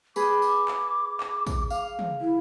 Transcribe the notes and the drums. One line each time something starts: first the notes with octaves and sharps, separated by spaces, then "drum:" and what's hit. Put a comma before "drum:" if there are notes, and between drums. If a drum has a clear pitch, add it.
G#4 B4 D6, drum: tambourine
drum: tambourine
drum: clap
drum: clap
drum: kick, tambourine
F5, drum: tambourine
drum: tom
E4